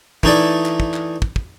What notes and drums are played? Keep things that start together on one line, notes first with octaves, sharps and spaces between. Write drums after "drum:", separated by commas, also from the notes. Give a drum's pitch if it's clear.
E3 A3 D#4 E4 A4 D5, drum: kick
drum: clap
drum: kick
drum: clap
drum: kick
drum: kick